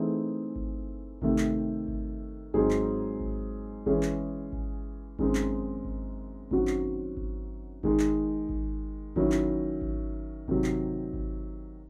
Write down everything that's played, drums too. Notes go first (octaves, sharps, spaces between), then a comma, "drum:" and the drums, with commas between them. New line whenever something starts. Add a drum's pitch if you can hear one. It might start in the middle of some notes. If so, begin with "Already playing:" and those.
Already playing: E3 A3 C4 D#4 G#4
drum: kick G#1
C3 D#3 A3, drum: kick G#1
drum: clap
drum: kick G#1
G#2 F#3 C4 D#4 G#4, drum: kick G#1
drum: clap
drum: kick G#1
E3 G#3 C#4 G#4, drum: kick G#1
drum: clap
drum: kick G#1
F#2 D#3 G#3 C4 D#4, drum: kick G#1
drum: clap
drum: kick G#1
F#2 D#3 F#3 C4 F#4, drum: kick G#1
drum: clap
drum: kick G#1
D#3 G#3 D#4, drum: kick G#1
drum: clap
drum: kick G#1
D#3 F#3 C#4 E4, drum: kick G#1
drum: clap
drum: kick G#1
C3 D#3 F#3, drum: kick G#1
drum: clap
drum: kick G#1